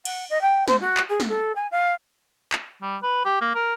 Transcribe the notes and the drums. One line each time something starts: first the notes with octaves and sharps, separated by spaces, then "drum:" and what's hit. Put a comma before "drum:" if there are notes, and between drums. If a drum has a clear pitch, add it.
F#5, drum: cymbal
D#5
G5
C5, drum: snare
F#4
drum: clap
G#4
drum: snare
A4
G#5
F5
drum: clap
G3
B4
G4
A#3
A#4